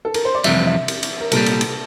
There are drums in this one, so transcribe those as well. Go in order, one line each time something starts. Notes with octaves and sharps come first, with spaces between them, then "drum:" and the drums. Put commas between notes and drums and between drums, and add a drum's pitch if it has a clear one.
A4
A#4, drum: cymbal
C5
D5
F2 C3 E3 G3 E5, drum: cymbal
E5
drum: cymbal
drum: cymbal
A#4
C2 A#2 G3 A4, drum: cymbal
drum: cymbal
drum: cymbal